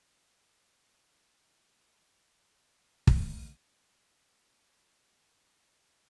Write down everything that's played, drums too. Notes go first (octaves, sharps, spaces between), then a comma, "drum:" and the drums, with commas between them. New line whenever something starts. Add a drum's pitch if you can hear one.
C3 G3 G#3 E4 F4
F4 B4 D5
drum: kick
D#4 F#4 G#4 A4